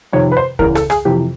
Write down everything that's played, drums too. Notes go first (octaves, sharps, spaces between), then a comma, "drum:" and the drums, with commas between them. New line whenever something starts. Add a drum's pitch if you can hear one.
F2 C3 D#3 C#5
B4
C5
E2 C#3 E3 A#4, drum: kick C#2
A4, drum: rim click
G#4, drum: rim click
F2 C3 E3 G4